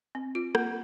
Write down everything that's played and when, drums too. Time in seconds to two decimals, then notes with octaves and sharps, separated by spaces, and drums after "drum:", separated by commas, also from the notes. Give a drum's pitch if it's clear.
0.15 C4
0.35 F4
0.55 A#3, drum: rim click